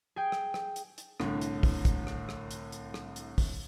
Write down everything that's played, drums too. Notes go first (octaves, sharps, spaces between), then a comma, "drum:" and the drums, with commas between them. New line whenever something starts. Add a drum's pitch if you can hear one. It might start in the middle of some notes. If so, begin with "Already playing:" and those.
G#4 G5
drum: rim click
drum: rim click
drum: hi-hat
drum: hi-hat
C2 A2 D3, drum: rim click
drum: hi-hat
drum: kick, open hi-hat
drum: kick, hi-hat
drum: rim click
drum: rim click
drum: hi-hat
drum: hi-hat
drum: rim click
drum: hi-hat
drum: kick, open hi-hat